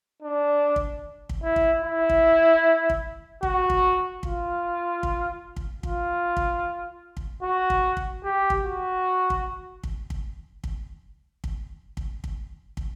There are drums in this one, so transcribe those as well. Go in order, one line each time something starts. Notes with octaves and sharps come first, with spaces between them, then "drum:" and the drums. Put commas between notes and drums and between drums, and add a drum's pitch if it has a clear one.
D4
drum: kick
drum: kick
E4
drum: kick
E4
drum: kick
drum: kick
F#4, drum: kick
drum: kick
F4, drum: kick
drum: kick
drum: kick
F4, drum: kick
drum: kick
drum: kick
F#4
drum: kick
drum: kick
G4
drum: kick
F#4
drum: kick
drum: kick
drum: kick
drum: kick
drum: kick
drum: kick
drum: kick
drum: kick